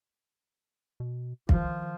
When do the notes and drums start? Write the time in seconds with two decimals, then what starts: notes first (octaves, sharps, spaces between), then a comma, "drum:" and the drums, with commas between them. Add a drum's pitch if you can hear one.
1.00 B2
1.49 D#3 F3, drum: kick